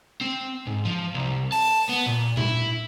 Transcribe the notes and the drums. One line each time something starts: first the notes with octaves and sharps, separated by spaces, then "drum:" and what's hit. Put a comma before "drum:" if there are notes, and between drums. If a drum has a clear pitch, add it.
C4
G#2
F3
C2
A5, drum: open hi-hat
B3
A#2
E4, drum: tom A#2